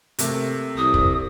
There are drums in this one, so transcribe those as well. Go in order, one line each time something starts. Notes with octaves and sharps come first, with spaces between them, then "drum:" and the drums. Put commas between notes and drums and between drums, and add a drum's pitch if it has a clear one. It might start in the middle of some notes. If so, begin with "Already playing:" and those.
C3 A3 A#3, drum: hi-hat
C2 D#6
drum: kick